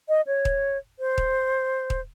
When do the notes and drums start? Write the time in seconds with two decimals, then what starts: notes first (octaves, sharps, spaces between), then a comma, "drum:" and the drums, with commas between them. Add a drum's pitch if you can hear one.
0.09 D#5
0.27 C#5
0.45 drum: kick D#1
0.99 C5
1.18 drum: kick D#1
1.90 drum: kick D#1